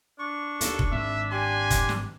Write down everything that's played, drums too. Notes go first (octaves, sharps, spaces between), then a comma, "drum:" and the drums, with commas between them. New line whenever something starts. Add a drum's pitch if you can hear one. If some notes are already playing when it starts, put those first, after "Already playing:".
D4 C#6
D#2 A4, drum: hi-hat
drum: kick F1
G#1 E5
G4 D5 G#5 C6
drum: kick F1, hi-hat
drum: snare